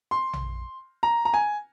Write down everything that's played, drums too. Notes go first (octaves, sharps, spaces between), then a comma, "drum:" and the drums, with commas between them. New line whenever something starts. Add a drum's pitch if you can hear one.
C6
drum: tom A#1
A#5
A#5
G#5